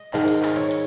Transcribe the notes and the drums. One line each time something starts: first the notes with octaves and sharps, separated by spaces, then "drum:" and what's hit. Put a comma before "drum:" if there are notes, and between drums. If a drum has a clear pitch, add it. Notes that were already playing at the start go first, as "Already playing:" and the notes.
Already playing: D#5
G#2 D#3 G#3, drum: clap
drum: open hi-hat
drum: clap
C#5, drum: hi-hat
drum: hi-hat